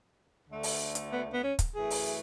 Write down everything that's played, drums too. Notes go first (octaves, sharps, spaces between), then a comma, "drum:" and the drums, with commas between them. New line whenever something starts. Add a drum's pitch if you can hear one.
D2 D3 A3
drum: open hi-hat
drum: hi-hat
B3
B3
C#4
drum: kick, hi-hat
F#2 E3 A3 G#4
drum: open hi-hat